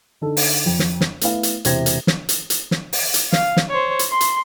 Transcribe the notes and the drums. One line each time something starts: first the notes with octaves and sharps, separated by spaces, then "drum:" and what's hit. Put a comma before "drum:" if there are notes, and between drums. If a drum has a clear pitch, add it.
D3 D#4 A4
drum: open hi-hat
F2
drum: snare
drum: snare
A3 B3 E4 F5, drum: hi-hat
drum: hi-hat
E1 C3 E4 C5 G#6 A#6, drum: hi-hat
drum: hi-hat
drum: snare
drum: hi-hat
drum: hi-hat
drum: snare
drum: open hi-hat
drum: hi-hat
F5, drum: snare
drum: snare
C5 C#5
drum: hi-hat
C6
drum: hi-hat